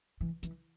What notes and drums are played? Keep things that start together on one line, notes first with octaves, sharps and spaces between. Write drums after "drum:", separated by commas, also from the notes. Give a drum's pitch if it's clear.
E3
E3, drum: hi-hat